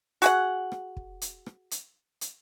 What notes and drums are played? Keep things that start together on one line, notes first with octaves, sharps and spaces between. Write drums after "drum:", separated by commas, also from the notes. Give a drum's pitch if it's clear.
F#4 G#4 F#5, drum: hi-hat
drum: rim click
drum: kick
drum: hi-hat
drum: rim click
drum: hi-hat
drum: hi-hat